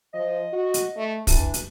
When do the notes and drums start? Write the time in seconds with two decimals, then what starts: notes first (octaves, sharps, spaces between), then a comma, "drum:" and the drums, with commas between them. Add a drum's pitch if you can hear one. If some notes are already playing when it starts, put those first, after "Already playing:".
0.14 F3 D#5
0.53 F#4
0.74 drum: hi-hat
0.96 A3
1.27 E3 D4, drum: kick, open hi-hat
1.54 drum: hi-hat